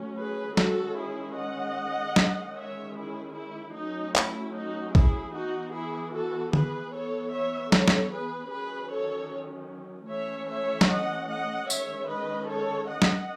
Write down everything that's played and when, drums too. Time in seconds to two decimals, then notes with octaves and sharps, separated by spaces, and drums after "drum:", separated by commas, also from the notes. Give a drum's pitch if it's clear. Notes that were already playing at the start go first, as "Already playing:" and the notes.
Already playing: F#3 A3 C#4
0.18 G#4 B4
0.57 D#3 G#3 C#4 F#4 A4, drum: snare
0.98 E4 G#4
1.37 D#5 F#5
2.16 D#3 G#3 C#4, drum: snare
2.57 C#5 E5
2.96 E4 G#4
3.35 E4
3.76 F#3 A3 C#4 D#4
4.16 E4, drum: clap
4.55 D#4 F#4
4.95 E4 G#4, drum: kick A#1
5.35 E3 B3 D#4 F#4
5.74 E4 G#4
6.14 F#4 A4
6.53 G#4 B4, drum: tom D3
6.93 E3 B3 A4 C#5
7.33 C#5 E5
7.72 A4 C#5, drum: snare
7.88 drum: snare
8.13 G#4 B4
8.52 D#3 F#3 C#4 G#4 B4
8.92 A4 C#5
10.11 E3 A3 C#4 C#5 E5
10.50 C#5 E5
10.81 drum: snare
10.91 D#5 F#5
11.30 D#5 F#5
11.70 D#3 G#3 C#4 C#5 E5, drum: tambourine
12.10 B4 D#5
12.49 A4 C#5
12.89 D#5 F#5
13.02 drum: snare